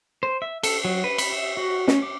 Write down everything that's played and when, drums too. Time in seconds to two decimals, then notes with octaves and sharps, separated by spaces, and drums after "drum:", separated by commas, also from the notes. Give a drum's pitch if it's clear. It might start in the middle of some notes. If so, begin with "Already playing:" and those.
0.23 C5
0.42 E5
0.63 A4, drum: cymbal
0.84 F#3
1.04 B4
1.18 B5, drum: cymbal
1.32 E5
1.57 F#4
1.88 C#4, drum: snare
2.02 D6